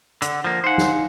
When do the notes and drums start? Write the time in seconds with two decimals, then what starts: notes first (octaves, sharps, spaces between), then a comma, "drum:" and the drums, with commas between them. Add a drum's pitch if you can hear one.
0.22 D3 F#5, drum: hi-hat
0.45 F3 A#3
0.64 D#4 C5 F5 F#5 G#5
0.78 drum: snare